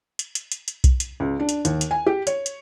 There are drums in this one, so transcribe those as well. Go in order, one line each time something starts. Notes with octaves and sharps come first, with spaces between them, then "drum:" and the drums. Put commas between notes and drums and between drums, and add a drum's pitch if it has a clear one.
drum: hi-hat
drum: hi-hat
drum: hi-hat
drum: hi-hat
drum: kick B1, hi-hat
drum: hi-hat
C#2
D4
drum: hi-hat
D#2, drum: hi-hat
drum: hi-hat
G#5
G4
C#5, drum: hi-hat
drum: hi-hat